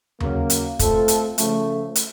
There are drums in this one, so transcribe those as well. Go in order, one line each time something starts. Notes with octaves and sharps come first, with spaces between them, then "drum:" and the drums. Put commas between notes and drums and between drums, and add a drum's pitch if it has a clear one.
C#3 F#3 A#3, drum: tom D#2
drum: hi-hat
A3 C4 F4 A4, drum: kick, hi-hat
drum: hi-hat
C#3 F3 A3, drum: hi-hat
drum: hi-hat